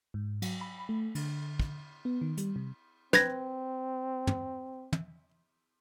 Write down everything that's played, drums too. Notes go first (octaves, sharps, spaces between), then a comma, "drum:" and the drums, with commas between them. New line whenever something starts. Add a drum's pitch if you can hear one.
G#2
F#3, drum: cymbal
B5
A3
D3, drum: cymbal
drum: kick
B3
D#3
G3, drum: hi-hat
C3
C4 B4 G#6 A#6, drum: snare
drum: tom
drum: tom